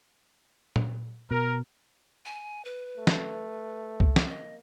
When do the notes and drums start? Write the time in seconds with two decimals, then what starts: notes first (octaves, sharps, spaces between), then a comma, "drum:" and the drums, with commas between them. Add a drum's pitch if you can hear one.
0.76 drum: tom A#2
1.31 B2 A#4
2.26 G#5
2.65 B4
2.97 A3
3.07 drum: snare
4.00 drum: kick
4.16 drum: snare
4.28 A#3 D#5